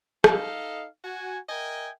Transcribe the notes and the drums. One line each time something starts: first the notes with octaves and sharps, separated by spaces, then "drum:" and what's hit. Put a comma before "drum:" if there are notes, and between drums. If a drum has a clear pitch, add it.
D#4 A4 D#5 F5, drum: rim click
F#4 G#5
A#4 D#5 E5 G5 G#5